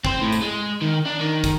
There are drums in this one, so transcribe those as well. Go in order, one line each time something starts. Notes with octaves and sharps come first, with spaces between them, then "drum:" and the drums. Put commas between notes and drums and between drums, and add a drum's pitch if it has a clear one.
C4 C5, drum: kick
A2
drum: tambourine
G#3
D#3
D4
D#3
drum: kick, tambourine